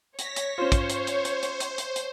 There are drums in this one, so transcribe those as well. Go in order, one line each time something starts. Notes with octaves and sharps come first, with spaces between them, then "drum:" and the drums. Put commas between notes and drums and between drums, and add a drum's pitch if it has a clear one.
C#5 A#6 B6, drum: hi-hat
drum: hi-hat
C#4 F4 C5
drum: kick, hi-hat
drum: hi-hat
drum: hi-hat
drum: hi-hat
drum: hi-hat
drum: hi-hat
drum: hi-hat
drum: hi-hat